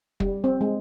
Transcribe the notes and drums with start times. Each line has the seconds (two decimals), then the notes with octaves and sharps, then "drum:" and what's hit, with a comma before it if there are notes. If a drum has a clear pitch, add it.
0.20 G3, drum: kick
0.44 C4
0.61 G#3